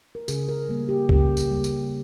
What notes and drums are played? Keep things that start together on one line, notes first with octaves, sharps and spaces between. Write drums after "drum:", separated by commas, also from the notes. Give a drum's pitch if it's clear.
A#4
C#3 G#4, drum: tambourine
A#4
G3 A#3
G4
C#3 G4, drum: kick C#2
drum: tambourine
G3 A#3
drum: tambourine